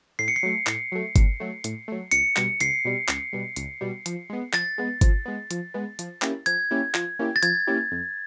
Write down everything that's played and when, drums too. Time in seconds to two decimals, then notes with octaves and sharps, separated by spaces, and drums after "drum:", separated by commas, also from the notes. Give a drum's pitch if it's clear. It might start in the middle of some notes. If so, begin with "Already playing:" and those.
0.19 A2 C7
0.28 C#7
0.36 C7
0.43 F#3 A3
0.67 A2, drum: clap
0.92 F#3 A3
1.16 A2, drum: kick G1, hi-hat
1.40 F#3 A3
1.64 A2, drum: hi-hat
1.88 F#3 A3
2.11 C#2 C#7, drum: hi-hat
2.37 B2 G3, drum: clap
2.60 C#2 C7, drum: hi-hat
2.85 B2 G3
3.09 C#2, drum: clap
3.33 B2 G3
3.56 C#2, drum: hi-hat
3.81 B2 G3
4.06 F3, drum: hi-hat
4.30 G#3 B3
4.53 F3 A6, drum: clap
4.78 G#3 B3
5.01 F3, drum: kick G1, hi-hat
5.26 G#3 B3
5.51 F3, drum: hi-hat
5.74 G#3 B3
5.99 F3, drum: hi-hat
6.22 A#3 C#4 E4 G4, drum: clap
6.46 F3 G#6, drum: hi-hat
6.71 A#3 C#4 E4 G4
6.95 F3, drum: clap
7.19 A#3 C#4 E4 G4
7.36 A6
7.43 F3 G#6, drum: hi-hat
7.67 A#3 C#4 E4 G4
7.92 F2